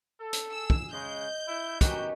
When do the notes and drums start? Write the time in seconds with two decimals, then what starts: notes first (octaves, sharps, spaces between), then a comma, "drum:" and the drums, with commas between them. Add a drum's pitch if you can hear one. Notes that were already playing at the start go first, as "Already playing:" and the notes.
0.21 A4
0.33 drum: hi-hat
0.51 G#4 E6
0.70 drum: kick
0.93 C#3 G#3 D#5 G6
1.48 E4
1.81 D#3 F#3 B3 C#4 F#4 G4, drum: kick, hi-hat